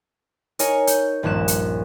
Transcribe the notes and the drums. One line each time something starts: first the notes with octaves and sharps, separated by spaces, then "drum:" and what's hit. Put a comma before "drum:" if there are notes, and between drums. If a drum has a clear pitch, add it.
D#4 A#4 C#5 G#5, drum: hi-hat
G6, drum: hi-hat
D#1 A#1 G2 F#6 E7
drum: hi-hat